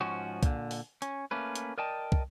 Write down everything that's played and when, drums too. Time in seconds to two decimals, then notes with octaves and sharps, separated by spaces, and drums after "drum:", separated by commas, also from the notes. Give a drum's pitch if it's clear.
0.01 G#2 F3 C#4 F#4
0.43 A#2 D3, drum: kick, hi-hat
0.71 drum: open hi-hat
1.02 C#4, drum: hi-hat
1.31 A3 A#3 C#4 B4
1.55 drum: hi-hat
1.78 A#4 D5 D#5 G5 A5
2.12 drum: kick